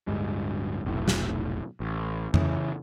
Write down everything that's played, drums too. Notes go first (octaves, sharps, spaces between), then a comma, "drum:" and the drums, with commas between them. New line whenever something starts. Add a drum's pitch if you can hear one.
D1 A#1 G2 G#3
F1 B1 A2
drum: snare
A1
C#3 E3, drum: tom F2